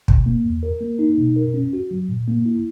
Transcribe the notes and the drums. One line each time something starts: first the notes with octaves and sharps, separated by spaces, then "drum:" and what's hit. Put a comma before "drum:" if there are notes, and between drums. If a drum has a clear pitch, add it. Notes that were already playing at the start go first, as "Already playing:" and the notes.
B2, drum: kick
A#3
E2
A#4
A#3
D#4
B2
A#4
C#4
F#4
F#3
A#2
A#3
E4